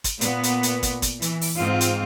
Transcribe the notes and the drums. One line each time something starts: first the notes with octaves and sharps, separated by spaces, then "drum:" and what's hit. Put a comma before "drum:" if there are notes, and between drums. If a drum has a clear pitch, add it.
drum: kick, hi-hat
A#2 B3, drum: hi-hat
drum: hi-hat
drum: hi-hat
drum: kick, hi-hat
drum: kick, hi-hat
E3, drum: hi-hat
drum: open hi-hat
G#2 C4 F4
drum: hi-hat